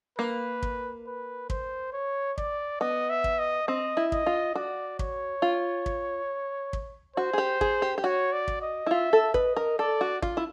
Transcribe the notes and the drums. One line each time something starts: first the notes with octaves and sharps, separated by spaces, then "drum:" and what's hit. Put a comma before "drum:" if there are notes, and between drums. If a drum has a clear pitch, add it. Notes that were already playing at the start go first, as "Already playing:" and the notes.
A#3 B4
drum: kick
B4
C5, drum: kick
C#5
D5, drum: kick
B3 D#5
E5
drum: kick
D#5
C4 D#5
E4
D#5, drum: kick
F4
F#4 D5
C#5, drum: kick
F4
drum: kick
drum: kick
F#4 C5
G#4
G4
G#4, drum: kick
G4
G4
F#4 C#5
D5
drum: kick
D#5
E4
F4 E5
A4
B4 D#5, drum: kick
A#4
A4 D5
F#4
F4, drum: kick
E4